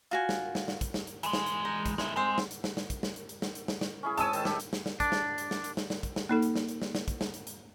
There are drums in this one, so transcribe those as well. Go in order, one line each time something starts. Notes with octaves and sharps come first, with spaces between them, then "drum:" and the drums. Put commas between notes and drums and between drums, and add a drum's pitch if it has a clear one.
F4 F#4 G#5
drum: snare
drum: snare
drum: snare
drum: kick, hi-hat
drum: snare
drum: hi-hat
E3 G#3, drum: hi-hat
drum: snare
drum: hi-hat
D#4
drum: kick, hi-hat
G#3 E4, drum: snare
G#3 C4 C5
drum: snare
drum: hi-hat
drum: snare
drum: snare
drum: kick, hi-hat
drum: snare
drum: hi-hat
drum: hi-hat
drum: snare
drum: hi-hat
drum: snare
drum: snare
C#4 E4 G#4
G#2 C#5 A5 E6 D#7, drum: hi-hat
D#3 A4, drum: hi-hat
G4, drum: snare
drum: hi-hat
drum: snare
drum: snare
D4, drum: kick, hi-hat
drum: snare
drum: hi-hat
drum: snare
drum: hi-hat
drum: snare
drum: snare
drum: kick, hi-hat
drum: snare
A#3 D#4 A4
drum: hi-hat
drum: snare
drum: hi-hat
drum: snare
drum: snare
drum: kick, hi-hat
drum: snare
drum: hi-hat
drum: hi-hat